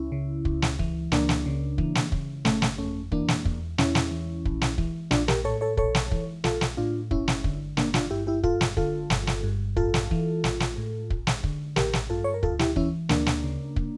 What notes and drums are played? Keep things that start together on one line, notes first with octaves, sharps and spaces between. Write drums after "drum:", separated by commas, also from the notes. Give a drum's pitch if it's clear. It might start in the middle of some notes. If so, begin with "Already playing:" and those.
Already playing: C#2 C#4 E4
C#3
C#2, drum: kick
drum: snare
E3, drum: kick
C#2 A#3 D4, drum: snare
drum: snare
C#3
E3, drum: kick
drum: snare
C#3, drum: kick
G1 A3 C#4, drum: snare
drum: snare
F2 A3 C#4
E3 A#3 D4, drum: kick
drum: snare
E2, drum: kick
E2 C#4 E4, drum: snare
drum: snare
E3
A#1, drum: kick
drum: snare
E3, drum: kick
A#1 D4 F4, drum: snare
G4 A#4, drum: snare
A2 A4 C#5
A4 C#5
A#1 A4 C#5, drum: kick
drum: snare
E3, drum: kick
A#1 F4 A4, drum: snare
drum: snare
A2 D4 F4
G1 C#4 E4, drum: kick
drum: snare
D3, drum: kick
G1 A#3 D4, drum: snare
D4 F4, drum: snare
G2 E4 G4
E4 G4
G1 F4 A4, drum: kick
drum: snare
D3 F4 A4, drum: kick
G1, drum: snare
drum: snare
G2
A1 F4 A4, drum: kick
drum: snare
E3, drum: kick
A1, drum: snare
drum: snare
A2
A1, drum: kick
drum: snare
D3, drum: kick
A1 G4 A#4, drum: snare
drum: snare
G2 F4 A4
C#5
A#4
D2 F4 A4, drum: kick
E4 G4, drum: snare
E3 C#4 E4, drum: kick
D2 A#3 D4, drum: snare
drum: snare
C#3
drum: kick